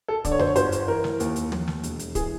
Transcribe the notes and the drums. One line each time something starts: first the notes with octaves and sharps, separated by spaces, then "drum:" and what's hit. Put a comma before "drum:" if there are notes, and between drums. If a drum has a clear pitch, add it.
A4
D3 D5, drum: kick, hi-hat
C#5
C5, drum: tom F2
C#5
G1 C5, drum: hi-hat
drum: hi-hat
E3 A#4
drum: snare
D#2, drum: hi-hat
drum: hi-hat
D#2, drum: tom
drum: snare
E1, drum: hi-hat
drum: hi-hat
E3 G#4, drum: kick, hi-hat